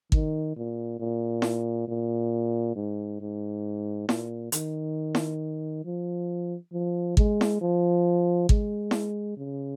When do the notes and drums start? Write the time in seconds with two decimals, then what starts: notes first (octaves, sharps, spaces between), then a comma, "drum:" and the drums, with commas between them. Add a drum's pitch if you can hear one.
0.12 D#3, drum: kick
0.56 A#2
0.99 A#2
1.42 drum: snare E4
1.88 A#2
2.76 G#2
3.20 G#2
4.09 A#2, drum: snare E4
4.52 D#3, drum: hi-hat
5.15 drum: snare E4
5.85 F3
6.73 F3
7.17 G#3, drum: kick
7.41 drum: snare E4
7.61 F3
8.49 G#3, drum: kick
8.91 drum: snare E4
9.37 C#3